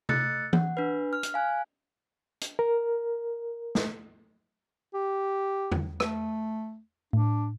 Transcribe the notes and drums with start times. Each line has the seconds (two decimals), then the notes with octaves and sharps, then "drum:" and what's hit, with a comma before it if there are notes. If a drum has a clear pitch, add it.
0.09 A3 E6 F#6 A6 C#7, drum: tom C3
0.53 F#5, drum: tom E3
0.77 D4 B4
1.13 F6
1.23 drum: hi-hat
1.34 F5 G#5 F#6
2.41 drum: hi-hat
2.59 A#4
3.75 drum: snare A3
4.94 G4
5.72 drum: tom
6.00 A3, drum: rim click
7.13 A2 D4